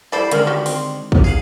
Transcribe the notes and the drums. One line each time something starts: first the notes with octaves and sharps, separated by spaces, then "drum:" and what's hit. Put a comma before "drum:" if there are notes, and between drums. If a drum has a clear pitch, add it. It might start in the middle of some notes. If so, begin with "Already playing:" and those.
G3 E4 A4 C5 D5 B5
D3 D#3 G#3 C#4 A#4, drum: hi-hat
F#4 G4
C4, drum: open hi-hat
drum: kick
G#4 F5 F#5